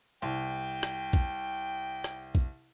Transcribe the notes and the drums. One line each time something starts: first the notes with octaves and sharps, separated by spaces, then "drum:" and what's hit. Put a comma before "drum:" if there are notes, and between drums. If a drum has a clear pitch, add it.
C2 G5
drum: rim click
drum: kick A#1
drum: rim click
drum: kick A#1